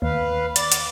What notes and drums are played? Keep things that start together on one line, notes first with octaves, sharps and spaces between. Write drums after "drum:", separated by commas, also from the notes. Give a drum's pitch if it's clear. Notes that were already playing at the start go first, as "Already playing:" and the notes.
D#2 B4 F5
D5 A6, drum: hi-hat
drum: hi-hat